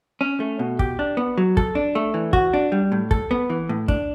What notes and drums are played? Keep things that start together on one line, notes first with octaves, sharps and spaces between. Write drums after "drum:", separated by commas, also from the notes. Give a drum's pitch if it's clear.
C#4
A3
B2
G4, drum: kick
D4
B3
F#3
A4, drum: kick
D4
A3
E3
F#4, drum: kick
D4
G3
A2
A4, drum: kick
B3
E3
A2
D4, drum: kick